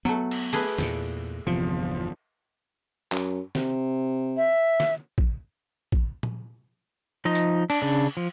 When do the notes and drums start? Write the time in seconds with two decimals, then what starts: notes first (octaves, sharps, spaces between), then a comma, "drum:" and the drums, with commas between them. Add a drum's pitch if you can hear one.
0.05 F#3 A3 B3
0.31 drum: cymbal
0.53 A3 G#4 B4, drum: cymbal
0.78 E2 A#2, drum: snare
1.47 G1 E2 C3 F3
3.12 F#2, drum: clap
3.55 C3, drum: snare
4.37 E5
4.80 drum: snare
5.18 drum: kick A#1
5.92 drum: kick A#1
6.23 drum: tom A#2
7.25 F3 D#4 D#5
7.35 drum: hi-hat
7.70 D4, drum: cymbal
7.82 C#3 D4
8.17 F3